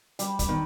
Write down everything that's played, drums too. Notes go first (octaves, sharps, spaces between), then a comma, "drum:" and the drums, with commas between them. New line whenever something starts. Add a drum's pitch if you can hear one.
G3, drum: hi-hat
G3, drum: kick, hi-hat
D#3